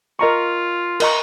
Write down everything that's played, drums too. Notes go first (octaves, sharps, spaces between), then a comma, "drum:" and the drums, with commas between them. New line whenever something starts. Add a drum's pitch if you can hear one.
F4 A#4 D#5 A#5 C#6
A#4 D#5 A#5 C#6, drum: cymbal